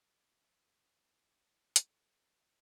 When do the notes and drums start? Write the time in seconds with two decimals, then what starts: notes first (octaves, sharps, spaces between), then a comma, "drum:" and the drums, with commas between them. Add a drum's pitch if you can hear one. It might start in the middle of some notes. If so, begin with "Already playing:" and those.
Already playing: F#3
0.23 E3
1.76 E3 A4, drum: hi-hat